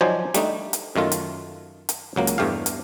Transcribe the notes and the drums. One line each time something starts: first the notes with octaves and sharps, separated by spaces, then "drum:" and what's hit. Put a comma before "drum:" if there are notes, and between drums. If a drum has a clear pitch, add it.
F3 F#3 D#4 C5 D5 G#5
G3 A3 D4 D#4, drum: hi-hat
drum: hi-hat
F#2 D#3 A3 F4
drum: hi-hat
drum: hi-hat
C#2 F#3 A#3
drum: hi-hat
E2 G2 A3 G4 F5
drum: hi-hat